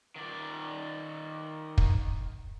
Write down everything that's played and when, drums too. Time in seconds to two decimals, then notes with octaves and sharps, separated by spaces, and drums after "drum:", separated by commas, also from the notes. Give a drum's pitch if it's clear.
0.16 D#3 D5
1.78 drum: kick